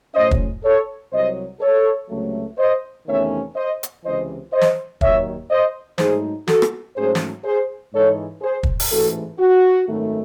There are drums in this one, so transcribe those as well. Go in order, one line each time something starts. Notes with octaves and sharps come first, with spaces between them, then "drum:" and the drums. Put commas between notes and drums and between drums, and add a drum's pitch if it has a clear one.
A2 F#3 C#4 C5 D#5
drum: kick
A4 C#5
C2 C3 F#3 C5 D#5
A4 C#5
C#2 C3 F#3 A3
C5 D#5
E2 C3 D#3 A3 C#4 C#5 E5
C5 D#5
drum: hi-hat
C#2 C3 E3 C5 D#5
C5 D#5
drum: snare
D#2 D#3 F#3 C#5 E5, drum: kick
C5 D#5
G#2 F#3 A3 D#4 G#4 C5, drum: snare
F#4 A4, drum: snare
drum: rim click
G#2 F#3 A3 C#4 G#4 C5
drum: snare
G#4 C5
G#2 E3 G#3 D#4 A4 C#5
G#4 C5
drum: kick
drum: open hi-hat
A1 G#2 E3 A3 F#4 A4
F#4
G#1 F#2 D#3 A3